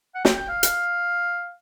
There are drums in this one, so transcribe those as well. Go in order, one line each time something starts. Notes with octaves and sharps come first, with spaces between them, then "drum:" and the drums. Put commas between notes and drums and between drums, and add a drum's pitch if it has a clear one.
F#5
G5, drum: snare
G5
F5
drum: hi-hat